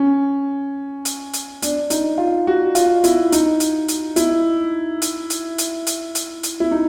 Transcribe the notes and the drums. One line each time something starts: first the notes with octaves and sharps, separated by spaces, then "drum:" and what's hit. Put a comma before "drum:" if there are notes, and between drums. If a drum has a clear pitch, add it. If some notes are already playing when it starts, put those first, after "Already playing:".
Already playing: C#4
drum: hi-hat
drum: hi-hat
D4, drum: hi-hat
D#4, drum: hi-hat
F4
F#4
F4, drum: hi-hat
E4, drum: hi-hat
D#4, drum: hi-hat
drum: hi-hat
drum: hi-hat
E4, drum: hi-hat
drum: hi-hat
drum: hi-hat
drum: hi-hat
drum: hi-hat
drum: hi-hat
drum: hi-hat
E4
D#4